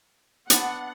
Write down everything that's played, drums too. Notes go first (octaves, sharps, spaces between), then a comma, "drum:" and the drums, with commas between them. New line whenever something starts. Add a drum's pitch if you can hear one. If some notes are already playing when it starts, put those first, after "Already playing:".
B3 D4 F#5, drum: hi-hat